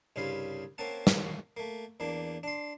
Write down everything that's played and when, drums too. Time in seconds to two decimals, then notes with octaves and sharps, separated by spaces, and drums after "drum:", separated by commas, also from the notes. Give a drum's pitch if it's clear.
0.16 C2 G2 C#3 C5 F5 B5
0.78 A#3 C4 C#4 F#5 A5
1.07 drum: snare
1.57 A3 A#3
2.00 E2 A#3 D4
2.43 D4 C6